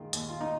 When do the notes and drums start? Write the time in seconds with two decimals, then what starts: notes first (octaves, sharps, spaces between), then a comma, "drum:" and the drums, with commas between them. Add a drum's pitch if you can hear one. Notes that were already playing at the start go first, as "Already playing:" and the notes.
Already playing: D#3 G#3 F4
0.13 D#2, drum: hi-hat
0.29 F4
0.41 D#4